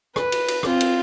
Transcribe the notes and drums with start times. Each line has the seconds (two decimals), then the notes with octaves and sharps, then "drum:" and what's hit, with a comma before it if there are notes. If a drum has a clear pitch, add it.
0.16 B4, drum: rim click
0.32 drum: cymbal
0.48 drum: cymbal
0.63 C4 F4, drum: rim click
0.80 drum: cymbal